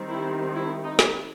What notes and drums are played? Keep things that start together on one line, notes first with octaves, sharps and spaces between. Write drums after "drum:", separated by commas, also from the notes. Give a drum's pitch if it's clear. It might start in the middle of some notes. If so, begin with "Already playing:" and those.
Already playing: D#3 G3 C4
E4
E4
D#4
drum: snare